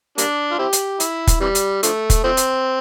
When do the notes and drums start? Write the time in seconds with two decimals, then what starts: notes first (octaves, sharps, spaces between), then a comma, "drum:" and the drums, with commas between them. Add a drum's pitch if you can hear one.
0.18 G3 A#3 D4, drum: hi-hat
0.51 F4
0.59 C4 E4 G4
0.73 drum: hi-hat
1.00 E4, drum: hi-hat
1.27 drum: kick, hi-hat
1.41 C3 E3 G3
1.55 drum: hi-hat
1.83 D3 F3 A3, drum: hi-hat
2.10 drum: kick, hi-hat
2.24 F3 A3 C4
2.37 drum: hi-hat